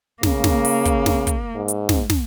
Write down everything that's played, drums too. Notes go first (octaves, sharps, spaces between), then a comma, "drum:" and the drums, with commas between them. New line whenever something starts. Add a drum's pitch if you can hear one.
C#3 A#3, drum: snare
drum: snare
drum: open hi-hat
drum: kick, hi-hat
drum: snare
drum: kick, hi-hat
G#2
drum: hi-hat
drum: snare
drum: snare